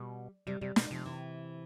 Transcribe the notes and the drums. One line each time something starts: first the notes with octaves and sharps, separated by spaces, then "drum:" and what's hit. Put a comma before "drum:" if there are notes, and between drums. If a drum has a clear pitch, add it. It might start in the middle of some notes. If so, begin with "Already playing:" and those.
Already playing: B2 G3
C3 G3
C3 G3
B2, drum: snare
C3 F3
E3